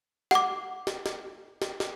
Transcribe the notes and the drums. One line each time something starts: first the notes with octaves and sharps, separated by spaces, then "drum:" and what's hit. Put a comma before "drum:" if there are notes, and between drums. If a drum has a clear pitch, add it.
F#5 D6, drum: snare
drum: snare
drum: snare
drum: snare
drum: snare